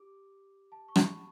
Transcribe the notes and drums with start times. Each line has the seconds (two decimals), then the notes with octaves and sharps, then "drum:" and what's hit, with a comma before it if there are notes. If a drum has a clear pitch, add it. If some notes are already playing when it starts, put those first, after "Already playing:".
Already playing: G4 D6
0.72 A5
0.88 C#6
0.96 B5, drum: rim click